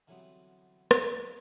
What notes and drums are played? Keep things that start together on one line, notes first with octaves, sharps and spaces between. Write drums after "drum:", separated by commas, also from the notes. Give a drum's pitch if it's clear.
D3 E3 F#3 G3 B3 C4
drum: rim click